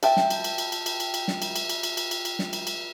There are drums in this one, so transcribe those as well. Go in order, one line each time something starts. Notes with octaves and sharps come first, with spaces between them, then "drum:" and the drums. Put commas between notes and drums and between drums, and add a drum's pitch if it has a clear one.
E5 G5 A5, drum: cymbal
drum: snare
drum: cymbal
drum: cymbal
drum: cymbal
drum: cymbal
drum: cymbal
drum: cymbal
drum: cymbal
drum: snare
drum: cymbal
drum: cymbal
drum: cymbal
drum: cymbal
drum: cymbal
drum: cymbal
drum: cymbal
drum: snare
drum: cymbal
drum: cymbal